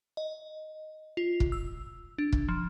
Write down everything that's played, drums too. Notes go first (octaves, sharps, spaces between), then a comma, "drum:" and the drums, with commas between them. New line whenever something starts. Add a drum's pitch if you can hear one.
D#5
F4
drum: kick
E6
D4
drum: kick
F3